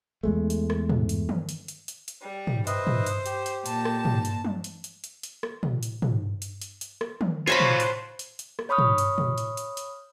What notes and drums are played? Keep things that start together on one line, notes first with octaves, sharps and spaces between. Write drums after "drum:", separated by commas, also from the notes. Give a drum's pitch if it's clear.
E2 G#3 A3
drum: hi-hat
drum: rim click
drum: tom
drum: hi-hat
drum: tom
drum: hi-hat
drum: hi-hat
drum: hi-hat
drum: hi-hat
G3
drum: tom
B4 C5 D#5 E5, drum: hi-hat
drum: tom
drum: hi-hat
G4, drum: hi-hat
drum: hi-hat
A#2 A5, drum: hi-hat
drum: rim click
drum: tom
drum: hi-hat
drum: tom
drum: hi-hat
drum: hi-hat
drum: hi-hat
drum: hi-hat
drum: rim click
drum: tom
drum: hi-hat
drum: tom
drum: hi-hat
drum: hi-hat
drum: hi-hat
drum: rim click
drum: tom
F4 F#4 C5 C#5 A5 B5
drum: tom
drum: hi-hat
drum: hi-hat
drum: hi-hat
drum: rim click
C#5 B5 C#6 D#6 F6
drum: tom
drum: hi-hat
drum: tom
drum: hi-hat
drum: hi-hat
drum: hi-hat